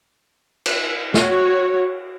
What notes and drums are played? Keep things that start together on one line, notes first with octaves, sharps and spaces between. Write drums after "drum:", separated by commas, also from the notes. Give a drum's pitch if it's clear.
drum: cymbal
F#4 C#5, drum: snare